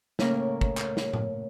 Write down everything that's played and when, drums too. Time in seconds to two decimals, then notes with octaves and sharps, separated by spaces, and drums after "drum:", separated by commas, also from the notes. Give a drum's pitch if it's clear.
0.19 A2 C#3 A#3 C#4 A#4, drum: snare
0.61 drum: kick
0.77 drum: clap
0.97 drum: snare
1.13 drum: tom A2